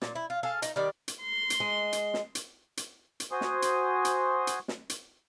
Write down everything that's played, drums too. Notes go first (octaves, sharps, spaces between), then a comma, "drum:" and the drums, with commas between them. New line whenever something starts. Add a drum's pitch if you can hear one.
A#2, drum: snare
E4
F4
G#4 A4 F5
D#4, drum: hi-hat
D#3 G3 D5
drum: hi-hat
C6
drum: hi-hat
G#3
drum: hi-hat
drum: snare
drum: hi-hat
drum: hi-hat
drum: hi-hat
F#4 C5 G#5 C6 D#6
drum: snare
drum: hi-hat
drum: hi-hat
drum: hi-hat
drum: snare
drum: hi-hat